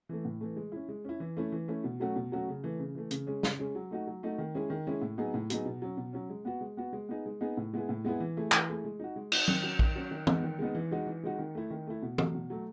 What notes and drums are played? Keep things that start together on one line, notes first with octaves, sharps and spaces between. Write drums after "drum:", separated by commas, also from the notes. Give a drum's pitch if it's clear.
E3 A3
A2
E3 A3
G#3
C#4 E4
G#3
C#4 E4
E3
A3 C#4 E4
E3
A3 C#4 E4
B2
F#3 A3 C#4 F#4
B2
F#3 A3 C#4 F#4
C#3
E3 A3
C#3
E3 A3
C#3, drum: hi-hat
G#3 C#4 G#4
C#3, drum: snare
G#3 C#4 G#4
F#3
A3 D#4 F#4
F#3
A3 D#4 F#4
D#3
G#3 C#4 E4 G#4
D#3
G#3 C#4 E4 G#4
A2
F#3 B3 D#4 G#4
A2
F#3 B3 D#4 G#4, drum: hi-hat
B2
F#3 C#4
B2
F#3 C#4
G#3
B3 F#4
G#3
B3 F#4
G#3
B3 D#4 G#4
G#3
B3 D#4 G#4
A2
G#3 B3 E4 G#4
A2
G#3 B3 E4 G#4
E3
A3 E4 G#4
E3, drum: clap
A3 E4 G#4
G#3
D#4 F#4
G#3
D#4 F#4, drum: cymbal
D#3, drum: tom
F#3 C#4
D#3, drum: kick A#1
F#3 C#4
D#3
G#3 B3 D#4, drum: tom
D#3
G#3 B3 D#4
E3
G#3 D#4 F#4
E3
G#3 D#4 F#4
D#3
A3 E4
D#3
A3 E4
B2
F#3 A3, drum: tom
B2
F#3 A3